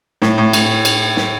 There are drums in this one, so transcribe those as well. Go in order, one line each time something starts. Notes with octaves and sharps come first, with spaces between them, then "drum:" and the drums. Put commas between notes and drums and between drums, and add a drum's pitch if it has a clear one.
A2, drum: snare
A2
A2, drum: cymbal
drum: cymbal
drum: snare